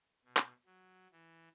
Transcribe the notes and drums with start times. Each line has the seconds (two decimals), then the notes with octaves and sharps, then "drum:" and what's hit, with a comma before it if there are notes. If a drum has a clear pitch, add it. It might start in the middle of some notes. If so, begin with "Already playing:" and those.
0.25 B2
0.37 drum: clap
0.66 F#3
1.12 E3